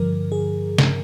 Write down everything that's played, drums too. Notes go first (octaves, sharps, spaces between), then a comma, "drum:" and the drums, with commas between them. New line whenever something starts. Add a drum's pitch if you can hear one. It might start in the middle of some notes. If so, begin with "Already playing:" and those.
Already playing: G2 D3 F3 A#4
G#4
drum: snare